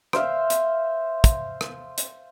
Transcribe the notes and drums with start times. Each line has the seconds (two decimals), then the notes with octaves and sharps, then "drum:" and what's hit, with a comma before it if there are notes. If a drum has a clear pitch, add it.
0.13 C5 E5 F5, drum: rim click
0.50 drum: hi-hat
1.24 drum: kick, hi-hat
1.61 drum: rim click
1.98 drum: hi-hat